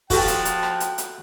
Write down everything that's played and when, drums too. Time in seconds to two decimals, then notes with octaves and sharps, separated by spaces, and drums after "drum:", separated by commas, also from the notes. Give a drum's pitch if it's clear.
0.10 F3 F#4 G4 A4 G5 A5, drum: kick, open hi-hat
0.28 drum: hi-hat
0.45 drum: hi-hat
0.63 drum: rim click
0.80 drum: hi-hat
0.98 drum: hi-hat